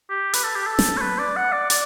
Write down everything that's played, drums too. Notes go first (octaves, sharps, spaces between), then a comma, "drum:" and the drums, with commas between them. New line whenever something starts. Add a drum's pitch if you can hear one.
G4
B4, drum: hi-hat
A4
G4
A4
drum: snare
C#5
B4
D5
F#5
D5
D5, drum: hi-hat